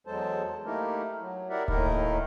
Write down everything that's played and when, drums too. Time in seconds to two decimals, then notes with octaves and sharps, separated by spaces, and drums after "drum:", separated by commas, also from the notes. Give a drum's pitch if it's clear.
0.07 E2 F#3 G#3 A4 C5 A5
0.65 A3 A#3 D#4 E4 G4 A#4
1.20 F#3
1.50 E4 G4 A#4 D5 E5 F#5
1.68 D#2 A2 D#3 D#4 E4 A#4, drum: kick D1